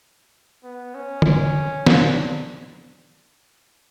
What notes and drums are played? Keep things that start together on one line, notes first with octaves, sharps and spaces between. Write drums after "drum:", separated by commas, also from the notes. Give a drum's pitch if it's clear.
B3
C#4
drum: tom
D4, drum: snare